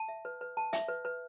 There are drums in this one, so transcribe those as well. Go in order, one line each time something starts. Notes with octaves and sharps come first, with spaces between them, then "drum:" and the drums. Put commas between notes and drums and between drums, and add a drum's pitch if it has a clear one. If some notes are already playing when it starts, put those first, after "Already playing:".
Already playing: A5
E5
B4
B4
A5
E5, drum: hi-hat
B4
B4